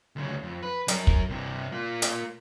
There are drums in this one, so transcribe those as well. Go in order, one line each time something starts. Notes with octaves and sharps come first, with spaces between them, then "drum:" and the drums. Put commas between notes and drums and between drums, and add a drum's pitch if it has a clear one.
D2 C#3
F2
B4
F#3 A#4, drum: hi-hat
drum: kick
G2 C3
A#3 F4
drum: hi-hat